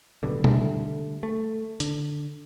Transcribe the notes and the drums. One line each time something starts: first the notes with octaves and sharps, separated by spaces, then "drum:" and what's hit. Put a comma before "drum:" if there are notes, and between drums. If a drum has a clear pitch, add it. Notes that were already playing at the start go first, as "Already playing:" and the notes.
D1 G2 B2 D3
D3 G3 A3, drum: tom B2
A3
D3, drum: hi-hat